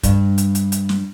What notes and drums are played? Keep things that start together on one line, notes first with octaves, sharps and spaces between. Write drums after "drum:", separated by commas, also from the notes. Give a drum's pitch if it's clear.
G2, drum: kick, hi-hat
drum: hi-hat
drum: hi-hat
drum: hi-hat
drum: snare